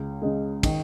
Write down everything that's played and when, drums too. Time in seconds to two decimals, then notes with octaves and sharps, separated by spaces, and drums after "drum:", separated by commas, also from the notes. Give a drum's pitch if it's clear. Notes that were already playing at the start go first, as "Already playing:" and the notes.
Already playing: C#2
0.22 C#3 G#3
0.63 D#3, drum: kick, cymbal